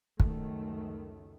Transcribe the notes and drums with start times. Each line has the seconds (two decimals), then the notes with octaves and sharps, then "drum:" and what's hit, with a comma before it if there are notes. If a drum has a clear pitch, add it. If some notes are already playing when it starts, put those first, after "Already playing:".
0.20 C#2 F#2 D#3 A3, drum: kick